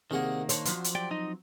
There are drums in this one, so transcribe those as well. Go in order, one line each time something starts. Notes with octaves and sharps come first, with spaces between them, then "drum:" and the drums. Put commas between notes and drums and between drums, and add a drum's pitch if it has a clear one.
C2 D#3 A#3 G#4 F#5
D4 C5 C#5, drum: hi-hat
F3 F#3 C4, drum: hi-hat
drum: hi-hat
G4 D5 G5
D#4 D#5